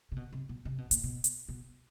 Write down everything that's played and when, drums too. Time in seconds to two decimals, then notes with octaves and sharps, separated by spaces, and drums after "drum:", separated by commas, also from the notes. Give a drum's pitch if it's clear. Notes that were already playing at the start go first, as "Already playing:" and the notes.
0.12 C3
0.16 B2
0.33 C3
0.49 B2
0.65 C3
0.78 B2
0.91 A#2, drum: hi-hat
1.04 B2
1.24 drum: hi-hat
1.49 B2